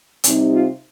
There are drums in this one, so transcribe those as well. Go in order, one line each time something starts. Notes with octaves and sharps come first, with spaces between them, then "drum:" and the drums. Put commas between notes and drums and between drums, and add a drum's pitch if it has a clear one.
C3 G3 C4 D#4, drum: hi-hat
F4